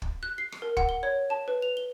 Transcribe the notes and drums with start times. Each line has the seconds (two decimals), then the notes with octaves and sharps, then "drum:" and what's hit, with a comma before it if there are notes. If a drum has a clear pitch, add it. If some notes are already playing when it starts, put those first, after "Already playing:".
0.02 drum: kick
0.23 F#6
0.38 C7
0.52 drum: rim click
0.62 A#4
0.77 F#5, drum: kick
0.89 G7
1.03 C#5
1.30 A5
1.48 B4
1.62 F7
1.77 G7